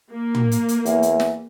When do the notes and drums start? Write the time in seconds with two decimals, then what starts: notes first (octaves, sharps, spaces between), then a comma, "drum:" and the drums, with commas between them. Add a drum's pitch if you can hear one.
0.12 A#3
0.34 drum: tom
0.52 drum: hi-hat
0.69 drum: hi-hat
0.86 E2, drum: hi-hat
1.03 drum: hi-hat
1.20 drum: snare